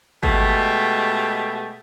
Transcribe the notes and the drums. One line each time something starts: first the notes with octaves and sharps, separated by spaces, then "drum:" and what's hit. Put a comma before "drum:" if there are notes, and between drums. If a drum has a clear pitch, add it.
B2 G#3 A3 G4, drum: kick G#1